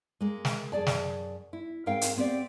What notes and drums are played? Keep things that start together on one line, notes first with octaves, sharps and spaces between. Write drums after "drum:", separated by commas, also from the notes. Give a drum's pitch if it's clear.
G#3 A#3
drum: snare
F#2 G#4 D5 A5
drum: snare
E4
G#2 C4 A#4 F5 G5
drum: hi-hat
B3 C4 G4 C5 D5